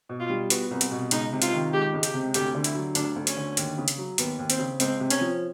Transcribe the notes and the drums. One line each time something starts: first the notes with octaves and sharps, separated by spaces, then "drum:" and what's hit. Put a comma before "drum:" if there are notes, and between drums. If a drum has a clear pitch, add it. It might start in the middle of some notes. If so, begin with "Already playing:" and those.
B2
F4
G3
B3 F#4, drum: hi-hat
C2
drum: hi-hat
B2
C#2 D#4, drum: hi-hat
C3
F4, drum: hi-hat
D#3
G#3 G4
C#2
G4, drum: hi-hat
C3
D2 G4, drum: hi-hat
D3
E4, drum: hi-hat
F#3
D2 D4, drum: hi-hat
D2
C#4, drum: hi-hat
D3
D#2, drum: hi-hat
C#3
drum: hi-hat
F#3
D#2 B3, drum: hi-hat
D#2
C4, drum: hi-hat
C#3
C#2 C4, drum: hi-hat
C3
C#4, drum: hi-hat
F3